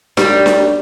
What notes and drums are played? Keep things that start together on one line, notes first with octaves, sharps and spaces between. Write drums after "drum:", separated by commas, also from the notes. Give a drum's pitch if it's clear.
G3, drum: snare D4
drum: snare D4